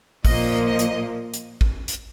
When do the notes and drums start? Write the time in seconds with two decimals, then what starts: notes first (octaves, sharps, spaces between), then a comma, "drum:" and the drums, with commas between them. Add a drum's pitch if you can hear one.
0.25 A#2 F3 A#3 D#5, drum: kick A1, open hi-hat
0.65 D#5
0.79 drum: hi-hat
1.34 drum: hi-hat
1.61 drum: kick A1
1.88 drum: hi-hat